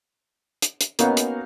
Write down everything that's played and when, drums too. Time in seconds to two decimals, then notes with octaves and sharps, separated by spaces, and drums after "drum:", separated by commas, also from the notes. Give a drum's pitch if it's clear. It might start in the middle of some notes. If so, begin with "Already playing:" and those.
0.62 drum: hi-hat
0.81 drum: hi-hat
0.99 A#3 B3 C#4 D#4 F#4 F5, drum: hi-hat
1.17 drum: hi-hat